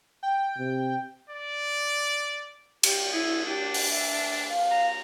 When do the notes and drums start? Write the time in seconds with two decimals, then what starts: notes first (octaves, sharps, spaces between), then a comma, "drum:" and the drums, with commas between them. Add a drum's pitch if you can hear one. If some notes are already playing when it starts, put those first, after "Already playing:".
0.23 G5
0.58 C3
1.30 D5
2.83 G4, drum: cymbal
3.12 E4 G#4
3.46 D4 G4
3.74 drum: open hi-hat
3.90 E5
4.49 F5
4.71 A#5